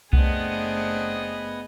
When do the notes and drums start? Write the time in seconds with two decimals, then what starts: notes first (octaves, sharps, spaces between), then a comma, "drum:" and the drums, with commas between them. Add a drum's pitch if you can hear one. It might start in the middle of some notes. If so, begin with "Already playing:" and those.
0.13 F#1 A3 B3 C4 D4 G#4 D#5, drum: kick C2